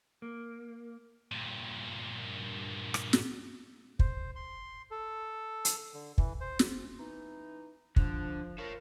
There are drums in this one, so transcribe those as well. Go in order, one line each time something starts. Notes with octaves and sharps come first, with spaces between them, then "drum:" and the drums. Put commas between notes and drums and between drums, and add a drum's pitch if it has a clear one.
A#3
G2 A#2
drum: rim click
drum: snare
C5, drum: kick
C6
A4
drum: hi-hat
D3
E3, drum: kick
C5
drum: snare
E3 D#4
D3 F3, drum: kick
F4 A4 A#4 C#5